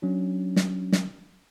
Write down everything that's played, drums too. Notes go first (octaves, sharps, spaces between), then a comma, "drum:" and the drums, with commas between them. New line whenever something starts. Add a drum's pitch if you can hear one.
F#3 C#4 D4
drum: snare
drum: snare